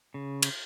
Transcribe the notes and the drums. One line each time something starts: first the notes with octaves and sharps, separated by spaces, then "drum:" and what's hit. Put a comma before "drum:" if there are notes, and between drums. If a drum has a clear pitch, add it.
C#3
drum: cymbal